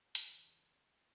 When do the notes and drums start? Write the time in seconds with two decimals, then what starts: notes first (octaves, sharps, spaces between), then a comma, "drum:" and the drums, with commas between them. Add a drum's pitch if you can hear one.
0.15 A5, drum: hi-hat
0.27 E2 B5
0.47 C#3 A5